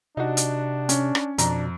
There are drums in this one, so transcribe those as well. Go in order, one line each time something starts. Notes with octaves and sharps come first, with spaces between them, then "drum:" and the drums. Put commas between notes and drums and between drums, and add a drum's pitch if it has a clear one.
C3 D4 D#4 F#4
drum: hi-hat
C#4, drum: hi-hat
drum: rim click
F2 B2 D4 A#5, drum: hi-hat